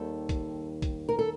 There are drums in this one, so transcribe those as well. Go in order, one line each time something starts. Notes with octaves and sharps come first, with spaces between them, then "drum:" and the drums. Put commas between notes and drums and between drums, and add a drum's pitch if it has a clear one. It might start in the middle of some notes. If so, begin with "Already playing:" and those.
Already playing: D#2 D#3 G3 A4
drum: kick, hi-hat
drum: kick, hi-hat
A#4
A4